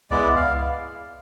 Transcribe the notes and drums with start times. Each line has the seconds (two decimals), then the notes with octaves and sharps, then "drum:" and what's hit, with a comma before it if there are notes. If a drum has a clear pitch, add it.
0.11 G#3 B3 E4 D5, drum: kick C2
0.36 F5, drum: kick C2